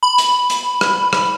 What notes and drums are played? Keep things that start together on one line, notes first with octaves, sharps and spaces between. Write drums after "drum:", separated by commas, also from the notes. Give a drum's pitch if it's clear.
B5
drum: hi-hat
drum: hi-hat
drum: rim click
drum: rim click